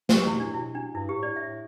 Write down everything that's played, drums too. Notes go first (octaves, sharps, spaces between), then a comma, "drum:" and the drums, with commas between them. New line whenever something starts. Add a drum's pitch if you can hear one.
A3, drum: snare
G3 G4
E3
E4
B2
A2 D4
B2 E4
D4
G2 E4
G4
A2
D5
A2 E5